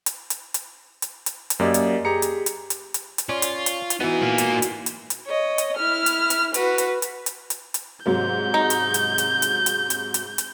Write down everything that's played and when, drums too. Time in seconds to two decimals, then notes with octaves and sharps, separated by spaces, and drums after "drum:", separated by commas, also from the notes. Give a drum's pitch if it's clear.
0.06 drum: hi-hat
0.30 drum: hi-hat
0.54 drum: hi-hat
1.02 drum: hi-hat
1.26 drum: hi-hat
1.50 drum: hi-hat
1.59 F#2 A#3 G4 D5 D#5
1.74 drum: hi-hat
2.05 G4 G#4 A#5 C#7
2.22 drum: hi-hat
2.46 drum: hi-hat
2.70 drum: hi-hat
2.94 drum: hi-hat
3.18 drum: hi-hat
3.29 C#4 F4 D5 C#6
3.42 drum: hi-hat
3.66 drum: hi-hat
3.90 drum: hi-hat
4.00 E3 B3 D#4 F#4 G#4
4.22 A#3 F4
4.38 drum: hi-hat
4.62 drum: hi-hat
4.86 drum: hi-hat
5.10 drum: hi-hat
5.26 C#5 D#5
5.58 drum: hi-hat
5.77 E4 F6
6.06 drum: hi-hat
6.30 drum: hi-hat
6.54 F#4 B4, drum: hi-hat
6.78 drum: hi-hat
7.02 drum: hi-hat
7.26 drum: hi-hat
7.50 drum: hi-hat
7.74 drum: hi-hat
8.06 G#2 C3 F#3 G6
8.54 D#4
8.70 drum: hi-hat
8.94 drum: hi-hat
9.18 drum: hi-hat
9.42 drum: hi-hat
9.66 drum: hi-hat
9.90 drum: hi-hat
10.14 drum: hi-hat
10.38 drum: hi-hat